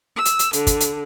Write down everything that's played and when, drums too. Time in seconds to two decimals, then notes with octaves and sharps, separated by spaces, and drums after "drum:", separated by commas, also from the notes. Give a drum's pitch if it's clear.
0.16 E6
0.25 drum: hi-hat
0.39 drum: hi-hat
0.53 D3, drum: hi-hat
0.67 drum: kick, hi-hat
0.80 drum: hi-hat